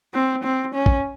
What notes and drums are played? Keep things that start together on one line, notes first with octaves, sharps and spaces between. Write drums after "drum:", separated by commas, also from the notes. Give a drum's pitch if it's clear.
C4
C4
C#4
drum: kick